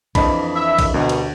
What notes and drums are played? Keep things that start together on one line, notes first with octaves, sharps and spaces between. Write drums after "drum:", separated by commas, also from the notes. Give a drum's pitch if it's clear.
F2 E3 D4 D#5 B5, drum: kick A#1, cymbal
E5
drum: kick A#1, cymbal
D2 B2
drum: cymbal